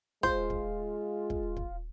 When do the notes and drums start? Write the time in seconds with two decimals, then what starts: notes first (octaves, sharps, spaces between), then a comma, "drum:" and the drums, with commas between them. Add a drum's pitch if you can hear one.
0.23 G#3 F4 C5, drum: kick
0.50 drum: kick
1.30 drum: kick
1.56 drum: kick